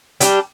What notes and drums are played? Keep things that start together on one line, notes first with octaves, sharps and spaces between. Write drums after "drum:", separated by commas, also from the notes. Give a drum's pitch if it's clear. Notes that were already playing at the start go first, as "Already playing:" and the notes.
G3 D4 G4, drum: hi-hat